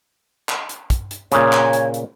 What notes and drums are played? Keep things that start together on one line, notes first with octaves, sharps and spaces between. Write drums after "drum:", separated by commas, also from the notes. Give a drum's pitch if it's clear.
drum: clap
drum: hi-hat
drum: kick, hi-hat
drum: hi-hat
A#2 C#3 C#5, drum: hi-hat
drum: clap
drum: hi-hat
drum: hi-hat